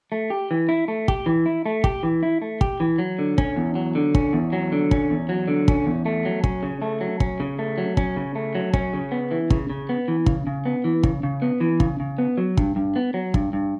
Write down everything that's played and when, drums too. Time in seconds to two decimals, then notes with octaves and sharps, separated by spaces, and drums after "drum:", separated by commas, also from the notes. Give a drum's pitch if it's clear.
0.12 A3
0.30 G4
0.51 E3
0.69 E4
0.88 A3
1.08 G4, drum: kick
1.26 E3
1.46 E4
1.66 A3
1.84 G4, drum: kick
2.03 E3
2.23 E4
2.42 A3
2.61 G4, drum: kick
2.80 E3
2.98 F#3
3.19 D3
3.38 C#4, drum: kick
3.56 E2
3.75 F#3
3.95 D3
4.15 C#4, drum: kick
4.33 E2
4.53 F#3
4.72 D3
4.91 C#4, drum: kick
5.10 E2
5.29 F#3
5.48 D3
5.68 C#4, drum: kick
5.86 E2
6.05 A3
6.25 F#3
6.44 C#4, drum: kick
6.63 C#3
6.82 A3
7.01 F#3
7.20 C#4, drum: kick
7.40 C#3
7.59 A3
7.78 F#3
7.97 C#4, drum: kick
8.17 C#3
8.35 A3
8.55 F#3
8.73 C#4, drum: kick
8.93 C#3
9.12 B3
9.31 E3
9.50 C#3, drum: kick
9.70 C#3
9.89 B3
10.08 E3
10.26 C#3, drum: kick
10.47 C#3
10.66 B3
10.84 E3
11.03 C#3, drum: kick
11.23 C#3
11.42 B3
11.60 E3
11.80 C#3, drum: kick
12.00 C#3
12.18 B3
12.38 F#3
12.57 G2, drum: kick
12.76 G2
12.96 B3
13.14 F#3
13.34 G2, drum: kick
13.53 G2